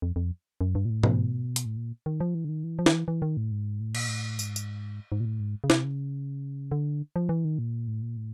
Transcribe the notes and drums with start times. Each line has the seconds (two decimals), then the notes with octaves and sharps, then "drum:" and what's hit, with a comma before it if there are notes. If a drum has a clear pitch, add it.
0.02 F2
0.16 F2
0.61 F#2
0.75 G2
0.85 A#2
0.90 A2
1.03 B2, drum: tom G#2
1.56 drum: hi-hat
1.65 A2
1.77 A#2
2.06 D#3
2.20 F3
2.35 E3
2.45 D3
2.49 D#3
2.64 E3
2.79 F3
2.86 D#3, drum: snare
2.93 E3
3.08 E3
3.22 D#3
3.37 A2
3.52 G#2
3.80 A2
3.95 A#2, drum: cymbal
4.08 A2
4.39 G#2, drum: tambourine
4.56 drum: tambourine
5.12 G#2
5.20 A#2
5.25 A2
5.40 G#2
5.64 C#3
5.70 C3, drum: snare
5.85 C#3
6.72 D3
7.16 F3
7.29 E3
7.45 D#3
7.59 A#2
7.88 A2
8.02 A#2
8.17 A2